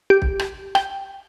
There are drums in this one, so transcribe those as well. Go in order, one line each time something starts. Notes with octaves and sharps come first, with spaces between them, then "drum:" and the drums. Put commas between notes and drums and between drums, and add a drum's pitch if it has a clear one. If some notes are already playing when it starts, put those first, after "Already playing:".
G4
drum: kick
drum: rim click
G5, drum: rim click